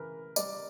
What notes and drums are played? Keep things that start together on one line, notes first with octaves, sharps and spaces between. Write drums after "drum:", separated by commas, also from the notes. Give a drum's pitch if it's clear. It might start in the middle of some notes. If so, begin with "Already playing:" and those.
Already playing: C#3 E3 A#4 B4
G3 D5, drum: tambourine